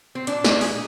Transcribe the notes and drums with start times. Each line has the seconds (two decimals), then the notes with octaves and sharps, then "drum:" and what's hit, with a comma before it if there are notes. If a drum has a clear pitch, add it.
0.15 C4
0.27 A#2 D4, drum: hi-hat
0.44 G#3, drum: snare
0.61 A#2 G#4, drum: open hi-hat